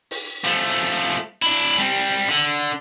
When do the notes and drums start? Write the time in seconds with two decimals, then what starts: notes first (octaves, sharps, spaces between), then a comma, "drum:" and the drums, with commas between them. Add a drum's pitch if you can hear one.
0.11 drum: open hi-hat
0.44 F3 A3
1.42 D4 E4
1.78 G3 C4
2.29 D3